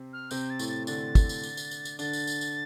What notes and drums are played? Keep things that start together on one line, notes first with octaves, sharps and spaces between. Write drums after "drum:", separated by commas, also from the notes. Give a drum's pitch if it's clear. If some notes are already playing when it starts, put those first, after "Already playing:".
Already playing: C3 C4
F6
C3 C4 G6, drum: tambourine
A6
A2 A3, drum: tambourine
A6
D3 D4 A6, drum: tambourine
drum: kick, tambourine
drum: tambourine
drum: tambourine
drum: tambourine
drum: tambourine
drum: tambourine
D3 D4 A6, drum: tambourine
drum: tambourine
drum: tambourine
drum: tambourine